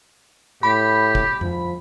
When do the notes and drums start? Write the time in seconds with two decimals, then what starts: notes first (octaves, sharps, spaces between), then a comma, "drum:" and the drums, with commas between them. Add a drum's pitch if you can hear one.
0.63 A2 G4 B5
1.15 drum: kick
1.41 F3, drum: tom F2